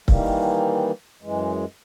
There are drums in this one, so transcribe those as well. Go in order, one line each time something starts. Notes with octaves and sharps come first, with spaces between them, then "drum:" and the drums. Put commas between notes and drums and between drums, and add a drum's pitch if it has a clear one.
D#3 E3 G3 A#3, drum: kick C#1
F#2 E3 G#3